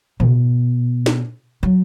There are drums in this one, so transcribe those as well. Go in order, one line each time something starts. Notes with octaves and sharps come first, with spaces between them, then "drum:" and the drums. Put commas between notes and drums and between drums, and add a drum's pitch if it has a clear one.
B2, drum: tom
drum: snare
F#3